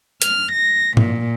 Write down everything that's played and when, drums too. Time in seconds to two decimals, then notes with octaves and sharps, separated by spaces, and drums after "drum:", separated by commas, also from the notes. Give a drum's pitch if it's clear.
0.22 F6, drum: hi-hat
0.52 A#6
0.97 A#2, drum: tom G#2